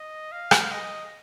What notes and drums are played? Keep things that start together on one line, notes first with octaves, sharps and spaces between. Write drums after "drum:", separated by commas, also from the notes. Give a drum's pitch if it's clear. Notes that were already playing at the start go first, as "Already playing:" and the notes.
Already playing: D#5
F5
drum: rim click
D#5